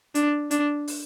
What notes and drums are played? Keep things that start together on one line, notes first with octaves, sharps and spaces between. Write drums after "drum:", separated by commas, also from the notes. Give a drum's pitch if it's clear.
D4, drum: hi-hat
D4, drum: hi-hat
drum: open hi-hat